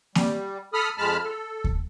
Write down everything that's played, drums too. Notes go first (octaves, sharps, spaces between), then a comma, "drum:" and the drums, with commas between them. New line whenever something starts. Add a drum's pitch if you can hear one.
G3, drum: snare A#3
A4 B5 D#6 F6
F2 G#3 A5 B5 F6
A4
drum: kick D2